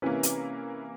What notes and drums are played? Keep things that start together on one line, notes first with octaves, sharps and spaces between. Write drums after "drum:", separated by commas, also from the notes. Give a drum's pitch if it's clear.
C3 E3 A#3 C#4 E4 B4
drum: hi-hat